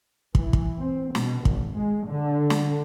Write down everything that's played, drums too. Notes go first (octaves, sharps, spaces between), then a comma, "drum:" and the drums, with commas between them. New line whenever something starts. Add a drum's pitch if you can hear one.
E3, drum: kick
drum: kick
C4
B2, drum: snare
G#1, drum: kick
G#3
D3
drum: snare